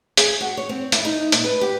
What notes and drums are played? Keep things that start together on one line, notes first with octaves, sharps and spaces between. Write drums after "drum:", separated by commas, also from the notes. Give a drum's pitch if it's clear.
G#4, drum: hi-hat
F#4
C#5
C4
E4, drum: hi-hat
D#4
A#2, drum: hi-hat
B4
G4